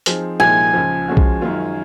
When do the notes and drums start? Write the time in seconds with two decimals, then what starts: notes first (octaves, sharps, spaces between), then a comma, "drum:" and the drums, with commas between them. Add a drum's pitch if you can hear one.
0.06 F3 C4 D#4 G#4 C5, drum: hi-hat
0.40 C2 A#2 F3 G#3 D#4 G#5
0.74 C#2 C#3 F3
1.08 F3 G#3 C#4 F#4
1.17 drum: kick B1
1.41 F#2 D#3 G#3 C#4 F4